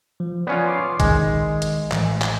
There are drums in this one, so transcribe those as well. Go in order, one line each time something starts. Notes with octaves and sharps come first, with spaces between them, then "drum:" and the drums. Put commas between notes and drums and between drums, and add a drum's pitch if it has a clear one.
F3
B3 C#4 F4 D5
C6 D6 C7
D#3 G#3, drum: kick A1, hi-hat
drum: hi-hat
A1, drum: clap
drum: clap